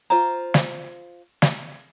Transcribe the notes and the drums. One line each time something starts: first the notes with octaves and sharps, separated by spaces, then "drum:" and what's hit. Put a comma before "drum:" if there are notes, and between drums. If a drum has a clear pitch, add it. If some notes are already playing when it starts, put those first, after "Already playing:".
F4 C5 A#5
drum: snare
drum: snare